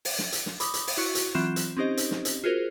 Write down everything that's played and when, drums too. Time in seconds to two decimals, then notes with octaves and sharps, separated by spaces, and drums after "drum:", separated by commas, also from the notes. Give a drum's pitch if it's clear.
0.05 drum: open hi-hat
0.19 drum: snare
0.32 drum: hi-hat
0.46 drum: snare
0.60 B5 D6 D#6, drum: hi-hat
0.74 drum: hi-hat
0.87 drum: open hi-hat
0.97 E4 F#4 C#6
1.15 drum: hi-hat
1.35 E3 F#3 C4 F4 F#6 E7
1.56 drum: hi-hat
1.77 C4 C#4 D#4 G4 C5 D#5
1.97 drum: hi-hat
2.11 drum: snare
2.25 drum: hi-hat
2.44 F4 F#4 G#4 A#4 C5